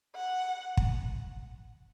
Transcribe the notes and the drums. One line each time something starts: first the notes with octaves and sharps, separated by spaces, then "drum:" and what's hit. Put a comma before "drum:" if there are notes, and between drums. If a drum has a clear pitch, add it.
F#5
drum: kick